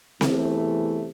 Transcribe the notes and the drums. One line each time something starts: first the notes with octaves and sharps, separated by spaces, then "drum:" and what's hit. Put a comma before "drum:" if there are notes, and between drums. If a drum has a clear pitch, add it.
E2 C3 E3 A3, drum: snare C4